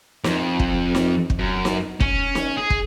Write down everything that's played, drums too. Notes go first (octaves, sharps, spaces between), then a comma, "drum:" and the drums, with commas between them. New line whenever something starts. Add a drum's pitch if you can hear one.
F2, drum: snare
drum: kick
drum: snare
drum: kick
F#2
drum: snare
C#4, drum: kick
drum: snare
G#4
drum: kick